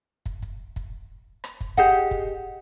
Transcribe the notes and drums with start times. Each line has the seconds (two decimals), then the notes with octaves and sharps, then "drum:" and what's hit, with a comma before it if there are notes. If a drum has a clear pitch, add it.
0.26 drum: kick
0.42 drum: kick
0.76 drum: kick
1.44 drum: rim click
1.61 drum: kick
1.77 G4 G#4 D#5 F#5, drum: kick
2.11 drum: kick